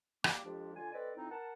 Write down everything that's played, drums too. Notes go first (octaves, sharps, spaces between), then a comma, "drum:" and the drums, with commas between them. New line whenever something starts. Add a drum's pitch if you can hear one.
G3 A#3 D6, drum: rim click
F2 F3 G#3 D4 G4
D3 F4 G#5
C4 A4 B4 D5 D#5
F2 C4 D#4 E4
A#4 F#5 A5